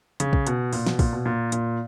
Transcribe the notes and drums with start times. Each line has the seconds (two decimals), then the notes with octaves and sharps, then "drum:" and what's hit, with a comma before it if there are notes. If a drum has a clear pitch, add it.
0.20 C#3, drum: hi-hat
0.33 drum: kick
0.47 B2, drum: hi-hat
0.73 A#2, drum: open hi-hat
0.86 B2, drum: snare
0.99 A#2, drum: kick, open hi-hat
1.13 B2
1.26 A#2
1.52 A#2, drum: hi-hat